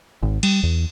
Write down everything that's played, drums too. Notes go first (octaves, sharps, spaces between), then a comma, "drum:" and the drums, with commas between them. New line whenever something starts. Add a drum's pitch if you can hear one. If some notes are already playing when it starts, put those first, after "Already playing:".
G#1
G3, drum: cymbal
E2